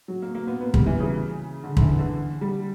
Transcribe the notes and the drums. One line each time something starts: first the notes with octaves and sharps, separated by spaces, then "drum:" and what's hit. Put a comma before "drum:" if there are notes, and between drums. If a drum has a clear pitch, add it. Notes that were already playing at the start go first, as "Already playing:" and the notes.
F#3
A#3
A#3
B3
B3
G3, drum: kick
E3
C#3
D3
D3, drum: kick
E3
D3
G3